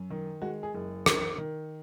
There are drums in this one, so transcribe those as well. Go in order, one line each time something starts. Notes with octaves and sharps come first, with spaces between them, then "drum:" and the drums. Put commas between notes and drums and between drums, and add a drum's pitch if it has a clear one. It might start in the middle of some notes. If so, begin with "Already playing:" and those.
Already playing: F#2
D#3
G#3 F#4
G#4
F#1
D#3 A#4, drum: rim click
D#3